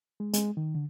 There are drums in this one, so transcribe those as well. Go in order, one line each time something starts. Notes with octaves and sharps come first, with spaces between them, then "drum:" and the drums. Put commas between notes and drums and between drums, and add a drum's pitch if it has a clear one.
G#3
G#3, drum: hi-hat
D#3
D3